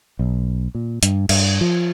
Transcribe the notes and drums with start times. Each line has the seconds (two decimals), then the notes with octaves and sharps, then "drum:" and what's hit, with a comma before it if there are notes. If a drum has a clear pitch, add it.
0.19 B1
0.75 A#2
1.03 G2, drum: hi-hat
1.29 G2, drum: cymbal
1.61 F3